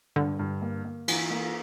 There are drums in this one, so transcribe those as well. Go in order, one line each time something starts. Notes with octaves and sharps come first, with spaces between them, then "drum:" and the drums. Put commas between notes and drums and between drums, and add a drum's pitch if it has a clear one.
G2 D3
G2
A#3
A#3
E3, drum: cymbal
A#3